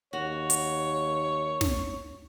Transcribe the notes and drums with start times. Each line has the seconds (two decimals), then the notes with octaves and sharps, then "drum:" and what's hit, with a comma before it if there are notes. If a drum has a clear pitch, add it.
0.13 D#2 F#4 C#5
0.50 drum: hi-hat
1.61 drum: snare